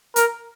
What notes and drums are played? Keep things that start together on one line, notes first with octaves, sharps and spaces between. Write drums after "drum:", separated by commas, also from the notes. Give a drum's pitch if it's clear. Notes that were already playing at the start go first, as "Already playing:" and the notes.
A#4, drum: hi-hat